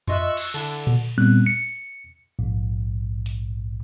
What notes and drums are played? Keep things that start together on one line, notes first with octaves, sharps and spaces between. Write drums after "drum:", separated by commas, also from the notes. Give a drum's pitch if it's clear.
F4 D#5 E5 C#6 E6 F#6, drum: tom F2
drum: cymbal
D3 E4 A4, drum: cymbal
drum: tom A#2
A#2 G3 B3 C4 F#6
C#7
A#1 G#2
drum: hi-hat